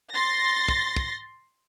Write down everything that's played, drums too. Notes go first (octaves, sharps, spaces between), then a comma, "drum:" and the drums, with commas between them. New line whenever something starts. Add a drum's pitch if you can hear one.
C6 A6 A#6
drum: kick
drum: kick